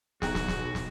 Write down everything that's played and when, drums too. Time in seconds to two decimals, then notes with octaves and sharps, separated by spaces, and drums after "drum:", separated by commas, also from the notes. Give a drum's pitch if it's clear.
0.22 B1 F#4 G#4 G5 A#5, drum: snare
0.35 drum: snare
0.48 drum: snare
0.75 drum: snare